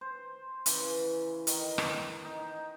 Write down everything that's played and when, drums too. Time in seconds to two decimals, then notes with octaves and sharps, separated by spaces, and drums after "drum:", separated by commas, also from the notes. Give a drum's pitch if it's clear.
0.01 C5
0.66 C#3 E3, drum: hi-hat
1.47 D#3, drum: hi-hat
1.78 drum: rim click
2.24 D#4